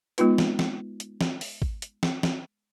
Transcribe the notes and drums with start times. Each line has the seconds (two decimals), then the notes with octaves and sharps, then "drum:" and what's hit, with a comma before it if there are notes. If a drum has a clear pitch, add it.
0.18 G#3 B3 D#4 F4 B4, drum: hi-hat
0.38 drum: snare
0.59 drum: snare
1.00 drum: hi-hat
1.21 drum: snare
1.41 drum: open hi-hat
1.62 drum: kick G#1
1.82 drum: hi-hat
2.03 drum: snare
2.23 drum: snare